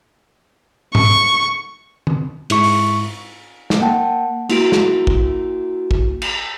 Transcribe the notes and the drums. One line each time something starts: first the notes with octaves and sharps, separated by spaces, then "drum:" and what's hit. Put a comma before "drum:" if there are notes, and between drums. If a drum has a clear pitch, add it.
C#6, drum: tom G#2
drum: tom
G#2 E4 C#6, drum: cymbal
drum: open hi-hat
drum: snare
A#3 F#5 G5 A5
A#3 E4 F#4 D7, drum: cymbal
drum: snare
drum: kick
drum: kick
drum: cymbal